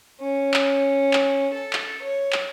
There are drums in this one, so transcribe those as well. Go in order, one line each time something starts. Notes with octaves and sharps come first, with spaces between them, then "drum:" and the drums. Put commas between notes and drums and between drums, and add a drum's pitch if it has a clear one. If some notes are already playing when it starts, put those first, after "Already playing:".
C#4
drum: clap
drum: clap
A4
drum: clap
C#5
drum: clap